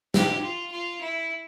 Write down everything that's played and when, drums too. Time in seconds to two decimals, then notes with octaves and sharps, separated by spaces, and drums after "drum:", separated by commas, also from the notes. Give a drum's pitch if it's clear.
0.14 G4, drum: snare
0.43 F4
0.71 F4
1.00 E4